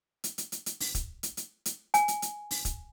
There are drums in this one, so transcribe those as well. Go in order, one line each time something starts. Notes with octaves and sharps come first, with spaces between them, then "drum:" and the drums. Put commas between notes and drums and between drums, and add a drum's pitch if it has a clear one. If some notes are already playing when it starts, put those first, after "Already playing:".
drum: hi-hat
drum: hi-hat
drum: hi-hat
drum: hi-hat
drum: open hi-hat
drum: kick, hi-hat
drum: hi-hat
drum: hi-hat
drum: hi-hat
G#5, drum: hi-hat
drum: hi-hat
drum: hi-hat
drum: open hi-hat
drum: kick, hi-hat